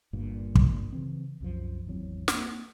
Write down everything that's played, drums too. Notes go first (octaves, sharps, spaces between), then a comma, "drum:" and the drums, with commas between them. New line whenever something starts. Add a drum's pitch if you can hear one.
G1 G2 A#2 D3
drum: kick
C#3 E3 C4
C2 F#2 F3
G#1 E2 F#3 C4
A#3 C4, drum: snare